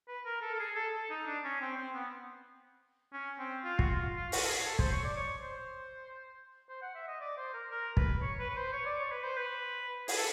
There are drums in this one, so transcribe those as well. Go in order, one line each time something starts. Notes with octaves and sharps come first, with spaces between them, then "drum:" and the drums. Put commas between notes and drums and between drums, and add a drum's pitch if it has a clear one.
B4
A#4
A4
A4
G#4
A4
A4
D#4
D4
C#4
C4
C4
B3
C#4
C4
F4
F#4, drum: kick
F4
F4
F#4, drum: open hi-hat
A4
G#4
A4
C5, drum: kick
C#5
D5
C#5
C5
C5
F#5
E5
D#5
D5
C5
A#4
A#4
B4, drum: kick
C#5
B4
B4
C5
C#5
D5
C#5
B4
C5
B4
G#4, drum: open hi-hat
A4